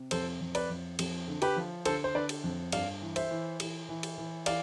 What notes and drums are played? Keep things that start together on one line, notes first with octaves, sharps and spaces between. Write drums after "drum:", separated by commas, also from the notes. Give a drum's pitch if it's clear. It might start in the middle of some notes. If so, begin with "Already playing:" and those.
Already playing: C3
F2 A4 C5, drum: cymbal
F2
B4 D5, drum: cymbal
F2
F2, drum: cymbal
D3
G4 B4, drum: cymbal
F3
D3 A4 C5, drum: cymbal
C5
D3 B4 D5
drum: cymbal
F2
G2 D5 F5, drum: cymbal
E3
C5 E5, drum: cymbal
E3
E3, drum: cymbal
E3
drum: cymbal
E3
E3 D5 F5, drum: cymbal